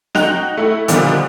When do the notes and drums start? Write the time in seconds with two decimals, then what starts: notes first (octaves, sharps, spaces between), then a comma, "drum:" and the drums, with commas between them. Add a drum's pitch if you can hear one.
0.15 D#4 F#4 G5 F#6 F7, drum: snare
0.57 A3 E4
0.88 A#2 D3 D#3 F3 G3 B3, drum: hi-hat